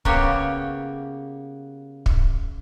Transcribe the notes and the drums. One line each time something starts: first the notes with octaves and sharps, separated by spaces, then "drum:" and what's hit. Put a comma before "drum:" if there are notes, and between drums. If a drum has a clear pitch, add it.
C#3 A#3 B3 F#4 G4 C#5, drum: kick
drum: kick